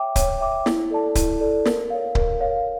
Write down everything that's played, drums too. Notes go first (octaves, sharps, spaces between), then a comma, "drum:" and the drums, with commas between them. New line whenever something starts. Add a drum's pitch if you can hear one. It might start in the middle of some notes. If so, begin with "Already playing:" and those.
Already playing: C#5 E5 G5 D6
C#5, drum: kick C#1, hi-hat
E5 G5 D6
E4, drum: snare
A4 D5 A5
E4, drum: kick C#1, hi-hat
A4 D5 A5
A#4, drum: snare
C#5 F5
A#4, drum: kick C#1
C#5 F5